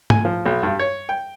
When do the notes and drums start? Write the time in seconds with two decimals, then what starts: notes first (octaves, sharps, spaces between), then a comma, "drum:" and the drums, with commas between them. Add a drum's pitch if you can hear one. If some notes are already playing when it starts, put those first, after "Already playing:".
0.10 G#5, drum: tom
0.25 F3
0.46 B1
0.63 G2
0.79 C#5
1.09 G5